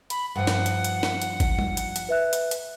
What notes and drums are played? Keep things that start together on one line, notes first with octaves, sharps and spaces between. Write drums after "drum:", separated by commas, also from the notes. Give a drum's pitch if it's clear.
B5, drum: hi-hat
G2 F3 F#5
drum: snare
drum: hi-hat
drum: hi-hat
drum: snare
drum: hi-hat
drum: kick G#1, hi-hat
drum: tom G3
drum: hi-hat
drum: hi-hat
B4 E5 F#6
drum: hi-hat
drum: hi-hat